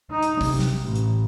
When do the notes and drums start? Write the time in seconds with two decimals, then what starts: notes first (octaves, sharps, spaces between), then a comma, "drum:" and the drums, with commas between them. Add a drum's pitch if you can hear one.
0.11 D#4
0.22 drum: hi-hat
0.41 C3, drum: kick, open hi-hat
0.59 drum: snare
0.82 A1
0.95 drum: hi-hat